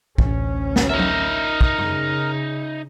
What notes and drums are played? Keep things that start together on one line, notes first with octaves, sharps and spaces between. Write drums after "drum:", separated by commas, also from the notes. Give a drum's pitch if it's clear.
A1 D2 C#4, drum: kick
drum: snare
D#4 A#4 E5
drum: tom F#3
drum: kick
C#3, drum: tom F#2